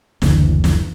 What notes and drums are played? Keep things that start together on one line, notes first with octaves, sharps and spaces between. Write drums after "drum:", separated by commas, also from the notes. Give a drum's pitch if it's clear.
F#1 D2 D3 E3, drum: snare
drum: snare